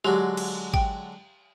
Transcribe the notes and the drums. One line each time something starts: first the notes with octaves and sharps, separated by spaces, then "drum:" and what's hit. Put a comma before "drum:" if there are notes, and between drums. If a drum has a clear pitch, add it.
D3 F#3 G#3 G4
drum: cymbal
G5, drum: kick G#1